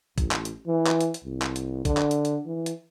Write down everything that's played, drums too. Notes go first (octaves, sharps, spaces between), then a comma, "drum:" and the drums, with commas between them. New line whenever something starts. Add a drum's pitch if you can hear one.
A1, drum: kick, hi-hat
drum: clap
drum: hi-hat
E3
drum: clap
drum: hi-hat
drum: hi-hat
C2
drum: clap
drum: hi-hat
D3, drum: kick, hi-hat
drum: clap
drum: hi-hat
drum: hi-hat
E3
drum: hi-hat